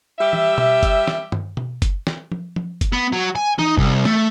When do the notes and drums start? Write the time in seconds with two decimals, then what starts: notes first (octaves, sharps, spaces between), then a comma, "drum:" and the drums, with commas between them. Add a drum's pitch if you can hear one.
0.19 G3 G4 E5
0.33 drum: tom E3
0.58 drum: tom B2
0.83 drum: kick F#1, hi-hat
1.07 drum: snare
1.32 drum: tom G2
1.57 drum: tom B2
1.82 drum: kick F#1, hi-hat
2.07 drum: snare
2.32 drum: tom F3
2.56 drum: tom F3
2.81 drum: kick F#1, hi-hat
2.92 B3
3.13 F#3
3.35 G#5
3.59 D#4, drum: tom E3
3.77 C2, drum: kick F#1
4.05 A3, drum: snare